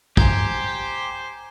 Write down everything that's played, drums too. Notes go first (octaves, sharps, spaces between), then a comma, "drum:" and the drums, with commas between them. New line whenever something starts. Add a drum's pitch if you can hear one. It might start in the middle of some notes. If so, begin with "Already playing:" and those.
G4 C5 G#5 A#5 G#6, drum: kick